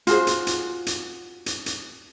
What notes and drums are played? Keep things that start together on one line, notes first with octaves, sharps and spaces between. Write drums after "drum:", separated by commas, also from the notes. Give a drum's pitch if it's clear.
F4 F#4 G#4 C5, drum: hi-hat
drum: hi-hat
drum: hi-hat
drum: hi-hat
drum: hi-hat
drum: hi-hat